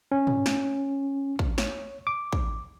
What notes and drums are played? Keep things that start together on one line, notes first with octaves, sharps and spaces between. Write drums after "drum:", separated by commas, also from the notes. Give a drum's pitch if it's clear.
C#4
drum: tom
drum: snare
drum: kick
C#5, drum: snare
D6
drum: kick